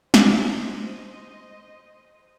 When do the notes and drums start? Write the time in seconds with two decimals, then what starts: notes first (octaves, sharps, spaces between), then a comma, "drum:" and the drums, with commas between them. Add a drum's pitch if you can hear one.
0.14 C5 D#5, drum: snare